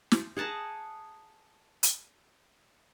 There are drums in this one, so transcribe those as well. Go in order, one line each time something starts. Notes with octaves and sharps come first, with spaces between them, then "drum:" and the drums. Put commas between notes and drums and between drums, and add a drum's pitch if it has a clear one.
drum: snare
G#4 F#5 A5 A#5
drum: hi-hat